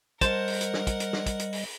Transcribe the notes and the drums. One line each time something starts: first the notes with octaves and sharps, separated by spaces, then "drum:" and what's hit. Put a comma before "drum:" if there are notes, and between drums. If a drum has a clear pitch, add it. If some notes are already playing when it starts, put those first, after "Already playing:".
G3 A#4 C5 D#5 F#5 A5, drum: kick, hi-hat
drum: open hi-hat
drum: hi-hat
drum: snare
drum: kick, hi-hat
drum: hi-hat
drum: snare
drum: kick, hi-hat
drum: hi-hat
drum: open hi-hat